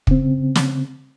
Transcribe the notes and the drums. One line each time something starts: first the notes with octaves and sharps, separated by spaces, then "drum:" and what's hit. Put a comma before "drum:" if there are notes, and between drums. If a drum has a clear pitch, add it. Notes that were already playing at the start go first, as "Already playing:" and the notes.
C#3 C4, drum: kick
drum: snare